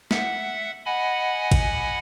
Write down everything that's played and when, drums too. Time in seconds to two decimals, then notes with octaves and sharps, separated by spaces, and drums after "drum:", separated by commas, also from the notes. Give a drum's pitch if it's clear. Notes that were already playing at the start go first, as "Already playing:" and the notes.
0.11 E5 F#5, drum: snare
0.86 D#5 F#5 G#5 B5
1.51 drum: kick, cymbal